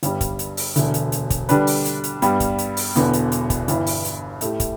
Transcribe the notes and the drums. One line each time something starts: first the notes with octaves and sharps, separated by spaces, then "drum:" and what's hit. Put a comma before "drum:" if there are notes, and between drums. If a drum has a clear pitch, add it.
G1 G2 G3, drum: hi-hat
drum: kick, hi-hat
drum: hi-hat
drum: open hi-hat
E1 D2 D3, drum: hi-hat
drum: hi-hat
drum: hi-hat
drum: kick, hi-hat
D3 G3 D4 B4, drum: hi-hat
drum: open hi-hat
drum: hi-hat
drum: hi-hat
G2 G3 B3, drum: hi-hat
drum: kick, hi-hat
drum: hi-hat
drum: open hi-hat
E1 E2 D3 B3, drum: hi-hat
drum: hi-hat
drum: hi-hat
drum: kick, hi-hat
G1 G2 E3, drum: hi-hat
drum: open hi-hat
drum: hi-hat
A2 A3 G4, drum: hi-hat
drum: kick, hi-hat